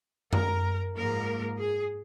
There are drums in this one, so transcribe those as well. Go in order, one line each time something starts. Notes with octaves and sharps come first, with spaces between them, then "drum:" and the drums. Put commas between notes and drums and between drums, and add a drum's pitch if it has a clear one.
A#4, drum: tom F#2
G#2 F3 A#3 A#4
G#4